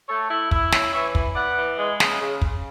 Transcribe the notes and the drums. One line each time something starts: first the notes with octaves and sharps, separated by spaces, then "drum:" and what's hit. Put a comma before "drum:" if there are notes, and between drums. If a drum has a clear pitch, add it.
A3 A4 C#5
E4
E4, drum: kick
C#4, drum: snare
E3 C#5 E5
E4, drum: kick
B3 D5 F#5
E3
G#3
C#3, drum: snare
C#3
C#3, drum: kick